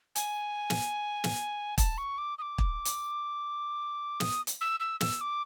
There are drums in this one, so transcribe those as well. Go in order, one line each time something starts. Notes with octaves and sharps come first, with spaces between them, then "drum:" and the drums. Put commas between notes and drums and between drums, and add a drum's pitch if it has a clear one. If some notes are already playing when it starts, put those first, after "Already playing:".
G#5, drum: hi-hat
drum: snare
drum: snare
A5, drum: kick, hi-hat
C#6
D6
D#6
D6
drum: kick
drum: hi-hat
D#6, drum: snare
drum: hi-hat
E6
E6
E6, drum: snare
D6